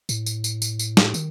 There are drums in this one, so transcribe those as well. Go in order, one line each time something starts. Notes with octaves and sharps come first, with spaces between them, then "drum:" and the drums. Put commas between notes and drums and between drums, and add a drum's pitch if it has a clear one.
A2, drum: tambourine
drum: tambourine
drum: tambourine
drum: tambourine
drum: tambourine
drum: snare
D#3, drum: tambourine